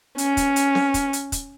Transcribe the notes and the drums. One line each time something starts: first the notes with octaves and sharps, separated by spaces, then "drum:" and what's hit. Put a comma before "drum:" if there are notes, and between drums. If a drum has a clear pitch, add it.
C#4, drum: hi-hat
drum: kick, hi-hat
drum: hi-hat
drum: snare C4
drum: kick, hi-hat
drum: hi-hat
drum: kick, hi-hat